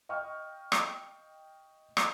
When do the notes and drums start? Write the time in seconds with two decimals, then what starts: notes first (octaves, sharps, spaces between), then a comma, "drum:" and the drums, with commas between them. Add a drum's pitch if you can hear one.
0.09 D#5 F5 G5 C#6 F6
0.72 drum: rim click
1.97 drum: rim click